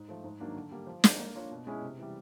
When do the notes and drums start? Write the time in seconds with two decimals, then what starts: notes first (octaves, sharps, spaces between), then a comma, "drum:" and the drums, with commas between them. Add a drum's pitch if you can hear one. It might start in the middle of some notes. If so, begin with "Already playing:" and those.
Already playing: G#2
0.08 F3 A3
0.24 G#2
0.40 D#3 F#3 A#3 D4
0.56 D3
0.72 G3 A#3
0.87 F3
1.04 G#3 C4 D#4, drum: snare
1.19 A#3
1.35 D4 F4 A#4 C#5
1.51 B2
1.67 G#3 C#4 E4 G#4
1.82 C3
1.98 E3 G3